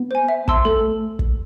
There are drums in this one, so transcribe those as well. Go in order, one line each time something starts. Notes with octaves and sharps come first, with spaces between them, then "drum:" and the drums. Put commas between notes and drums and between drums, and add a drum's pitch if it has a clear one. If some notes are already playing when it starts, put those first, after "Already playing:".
Already playing: B3
C5 G#5
E5
A5 C6 E6, drum: kick
A3 A4
drum: kick